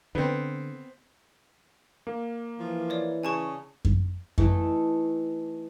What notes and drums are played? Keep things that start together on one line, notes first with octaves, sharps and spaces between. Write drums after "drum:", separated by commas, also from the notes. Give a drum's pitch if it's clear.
D3 B3 C4
A#3
E3 F3
C#5 D5
C#3 G#5 A5 C#6
drum: kick F#2
E3 A3 D#4 A4, drum: kick F#2